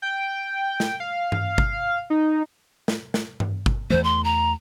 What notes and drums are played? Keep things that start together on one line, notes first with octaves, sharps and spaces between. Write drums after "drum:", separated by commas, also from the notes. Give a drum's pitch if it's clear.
G5
drum: snare
F5
drum: tom G2
drum: kick
D#4
drum: snare
drum: snare
drum: tom G2
drum: kick
E2 E3 A3 C5
C6
A#5